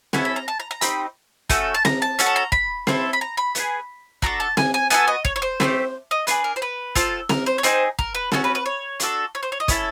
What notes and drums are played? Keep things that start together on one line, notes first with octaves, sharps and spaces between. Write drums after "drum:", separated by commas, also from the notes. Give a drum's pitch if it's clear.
C#4 E4 A4 F#5, drum: snare C4
B5
A#5
A5
A#5
A#5
C4 D#4 G4 B5, drum: hi-hat
A3 C#4 F#4 A4, drum: kick, hi-hat
A5
A#5, drum: snare C4
A5
C#4 F#4 A4, drum: hi-hat
A5
A#5
B5, drum: kick
C4 E4 A4, drum: snare C4
B5
A#5
B5
B3 D#4 G#4, drum: hi-hat
D4 F#4 A4 A#5, drum: kick
A5
G#5, drum: snare C4
G#5
B3 D#4 F#4 A4 G#5, drum: hi-hat
D#5
C#5, drum: kick
C#5
C5
A3 C4 E4 G4, drum: snare C4
D#5
D4 F4 G#4 B4, drum: hi-hat
A#4
C5
B4
C4 F4 A4, drum: kick, hi-hat
A#4, drum: snare C4
C5
C#5
C4 D#4 G#4 C5, drum: hi-hat
A#4, drum: kick
B4
C#4 F#4 A4, drum: snare C4
B4
B4
C#5
D4 F#4 A4, drum: hi-hat
C#5
C5
C#5
D#5
C#4 E4 A4, drum: kick, hi-hat